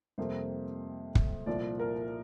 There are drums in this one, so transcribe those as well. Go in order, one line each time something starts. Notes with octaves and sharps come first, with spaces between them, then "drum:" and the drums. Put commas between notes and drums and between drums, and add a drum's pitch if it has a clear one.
F2 C3 G3 A#3 C5
drum: kick
C2 A#2 F3 D5
A#4